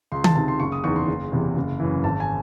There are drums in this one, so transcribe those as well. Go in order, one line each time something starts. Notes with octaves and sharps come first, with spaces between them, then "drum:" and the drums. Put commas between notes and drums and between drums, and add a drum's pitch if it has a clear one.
C#2 C6
A5, drum: tom D#3
C3 D#3 A5
C6
F#1 C#6
D#6
E2 D#3 C#6
C6
F#1
E2 C3 E3
F#1
F#2 E3
G#1 A5
G#5